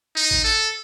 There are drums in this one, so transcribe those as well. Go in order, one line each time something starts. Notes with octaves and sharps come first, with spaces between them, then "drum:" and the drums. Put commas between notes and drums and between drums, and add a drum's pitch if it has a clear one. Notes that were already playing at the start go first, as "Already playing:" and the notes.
D#4
drum: kick A1
A4